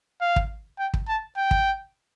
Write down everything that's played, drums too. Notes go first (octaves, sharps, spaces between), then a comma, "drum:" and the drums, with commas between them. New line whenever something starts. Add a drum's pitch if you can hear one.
F5
drum: kick
G5
drum: kick
A5
G5
drum: kick